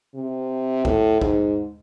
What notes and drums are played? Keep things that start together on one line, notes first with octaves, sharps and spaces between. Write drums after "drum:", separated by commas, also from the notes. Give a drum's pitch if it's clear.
C3
A2, drum: kick
G#2, drum: kick